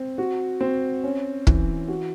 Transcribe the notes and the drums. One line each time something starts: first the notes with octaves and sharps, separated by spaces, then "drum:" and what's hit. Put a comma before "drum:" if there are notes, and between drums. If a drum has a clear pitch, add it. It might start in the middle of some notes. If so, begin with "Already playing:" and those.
Already playing: C4
F#4
C4
C#4
E3, drum: kick
F#4